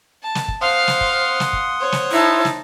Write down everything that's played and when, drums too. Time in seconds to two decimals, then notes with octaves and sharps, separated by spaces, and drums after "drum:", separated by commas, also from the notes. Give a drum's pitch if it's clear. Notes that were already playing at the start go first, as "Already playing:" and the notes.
0.23 A5
0.35 drum: snare
0.48 drum: kick
0.61 C5 F5 F#5 C6 D#6 F6
0.88 drum: snare
1.01 drum: kick
1.40 drum: snare
1.53 drum: kick
1.80 C5 C#5
1.92 drum: snare
2.11 D#4 E4 A5
2.45 drum: snare